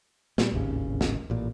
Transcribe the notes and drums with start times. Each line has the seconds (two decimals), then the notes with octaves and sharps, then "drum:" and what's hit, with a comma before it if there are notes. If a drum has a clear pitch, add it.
0.38 A#2 F#3 G3, drum: snare
0.52 D1 G#1 D#2 C#3
1.01 drum: snare
1.30 A1 A#2